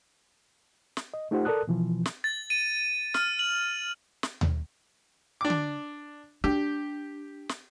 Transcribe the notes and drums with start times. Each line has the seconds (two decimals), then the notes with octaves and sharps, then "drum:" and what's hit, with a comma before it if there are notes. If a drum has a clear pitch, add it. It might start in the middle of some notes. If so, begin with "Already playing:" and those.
0.97 drum: snare
1.14 D#5
1.31 A3 D#4 F4 G4 C5 F#5
1.45 A4 A#4 D5 A5 D#6 F#6
1.68 B2 E3 F3
2.06 drum: snare
2.24 A6
2.50 D#7
3.14 F6, drum: snare
3.39 F#7
4.23 drum: snare
4.41 drum: tom D#2
5.41 D4 D6
5.50 drum: tom D3
6.44 D4 G4
7.49 drum: snare